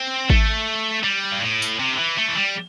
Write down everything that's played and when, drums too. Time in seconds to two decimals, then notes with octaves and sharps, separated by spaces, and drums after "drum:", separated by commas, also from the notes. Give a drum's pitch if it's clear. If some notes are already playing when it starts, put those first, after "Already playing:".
Already playing: C4
0.30 A3, drum: kick G#1
1.04 G3
1.32 G2
1.41 A2
1.62 drum: tambourine
1.80 C3
1.93 D3
1.98 E3
2.18 A3
2.28 E3
2.36 G3